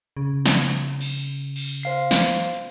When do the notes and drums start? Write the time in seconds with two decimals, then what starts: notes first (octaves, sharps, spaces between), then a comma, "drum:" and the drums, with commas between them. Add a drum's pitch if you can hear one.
0.17 C#3
0.46 drum: snare
1.01 drum: cymbal
1.56 drum: cymbal
1.83 C5 F5 C7
2.11 drum: snare